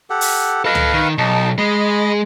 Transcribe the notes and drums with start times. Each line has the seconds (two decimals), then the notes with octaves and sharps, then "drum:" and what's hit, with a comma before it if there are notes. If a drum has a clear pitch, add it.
0.10 G4 A4 F#5
0.21 drum: open hi-hat
0.65 A4 B4 D#5 F5
0.75 drum: tom
0.94 D#3
1.18 B1 D#4 A5
1.58 G#3 D#5 B5